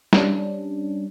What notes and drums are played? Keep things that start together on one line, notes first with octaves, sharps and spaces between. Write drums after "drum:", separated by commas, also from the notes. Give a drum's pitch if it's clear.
G3 C#4 D4, drum: snare